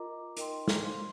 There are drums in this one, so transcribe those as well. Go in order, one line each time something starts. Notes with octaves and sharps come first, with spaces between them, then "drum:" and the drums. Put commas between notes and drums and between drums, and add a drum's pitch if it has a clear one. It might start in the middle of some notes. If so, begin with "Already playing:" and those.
Already playing: F4 A#4 D#5 A#5 D6
D#4 A#4 D#5 G5 C6, drum: hi-hat
drum: snare
C5 F5 C6